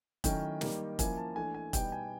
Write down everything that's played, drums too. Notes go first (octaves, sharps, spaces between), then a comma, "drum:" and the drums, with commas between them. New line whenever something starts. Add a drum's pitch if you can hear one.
D#3 F#3 A3 C#4 E4 G5, drum: kick, hi-hat
D#3 G3 A#3 D#4, drum: snare
F3 A#3 C#4 E4 G#5, drum: kick, hi-hat
A5
E3 A3 D4 G#5
G#5
B2 G3 B3 D#4 G5, drum: kick, hi-hat
G#5